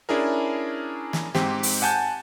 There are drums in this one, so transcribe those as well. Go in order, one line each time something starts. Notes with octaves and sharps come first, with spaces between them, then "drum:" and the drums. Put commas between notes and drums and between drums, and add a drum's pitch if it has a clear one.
C#4 D4 E4 G#4 A#4
drum: snare
G#2 C4 G4, drum: snare
drum: open hi-hat
F#5 G#5 A5 G6